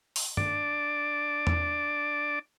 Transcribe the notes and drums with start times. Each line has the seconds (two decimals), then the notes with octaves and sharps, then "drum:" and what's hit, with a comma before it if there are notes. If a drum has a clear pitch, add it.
0.16 drum: open hi-hat
0.37 D4 D5, drum: tom G2
1.47 drum: tom E2